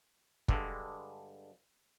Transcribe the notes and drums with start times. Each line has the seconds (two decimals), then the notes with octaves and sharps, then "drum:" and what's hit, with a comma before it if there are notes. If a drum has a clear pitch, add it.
0.48 G2 D3 G#3, drum: kick